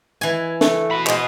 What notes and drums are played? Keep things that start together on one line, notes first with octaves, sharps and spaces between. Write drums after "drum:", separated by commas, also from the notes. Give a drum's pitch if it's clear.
E3 G#5
A3, drum: snare
F#4 B5
G#3 C5 D#5, drum: clap